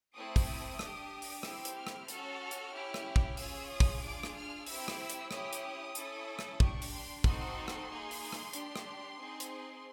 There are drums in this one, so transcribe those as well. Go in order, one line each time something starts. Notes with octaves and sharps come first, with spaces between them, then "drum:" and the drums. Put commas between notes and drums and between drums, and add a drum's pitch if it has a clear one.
A3 C4 E4 D#6
drum: kick, open hi-hat
D4 G4, drum: rim click
drum: open hi-hat
C4 E4 G4 E6, drum: rim click
drum: hi-hat
F6
drum: rim click
C#4 F#4 A4, drum: hi-hat
drum: hi-hat
C#4 E4 G4
drum: rim click
drum: kick
C#4 F4 G#4 E6, drum: open hi-hat
D#6
drum: kick, open hi-hat
D4 F4 G#4 D6
drum: rim click
F6
C4 E4 G4 E6, drum: open hi-hat
drum: rim click
E6
drum: hi-hat
C#4 E4 G4 D#6, drum: rim click
drum: hi-hat
C#4 E4 A4, drum: hi-hat
drum: rim click
D4 G4 C#6, drum: kick
drum: open hi-hat
C6
C4 D#4 F#4 A4 C6, drum: kick
drum: rim click
A#3 D#4 G#4
drum: open hi-hat
drum: rim click
D4 G4, drum: hi-hat
drum: rim click
C4 D#4 G#4
drum: hi-hat